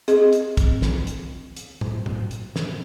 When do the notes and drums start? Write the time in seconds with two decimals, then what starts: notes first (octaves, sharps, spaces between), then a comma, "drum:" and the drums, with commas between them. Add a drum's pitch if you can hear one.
0.08 C4 G#4 D#5, drum: hi-hat
0.33 drum: hi-hat
0.57 drum: kick, hi-hat
0.82 drum: snare
1.07 drum: hi-hat
1.57 drum: hi-hat
1.81 drum: tom A2
2.06 drum: tom A2
2.31 drum: hi-hat
2.56 drum: snare